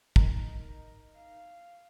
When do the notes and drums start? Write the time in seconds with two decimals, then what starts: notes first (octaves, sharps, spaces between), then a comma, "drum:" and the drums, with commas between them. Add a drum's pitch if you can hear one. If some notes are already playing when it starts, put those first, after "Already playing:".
0.16 D#4 A#4, drum: kick
1.15 F5